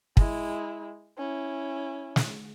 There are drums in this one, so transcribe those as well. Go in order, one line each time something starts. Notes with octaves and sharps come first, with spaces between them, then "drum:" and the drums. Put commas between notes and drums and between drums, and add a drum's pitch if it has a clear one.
G#3 E4, drum: kick
C#4 E4
drum: snare